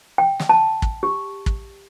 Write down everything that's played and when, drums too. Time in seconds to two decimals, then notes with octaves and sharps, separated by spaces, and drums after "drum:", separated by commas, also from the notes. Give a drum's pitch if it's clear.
0.18 G5
0.40 drum: snare
0.49 A5
0.82 drum: kick
1.03 G4
1.46 drum: kick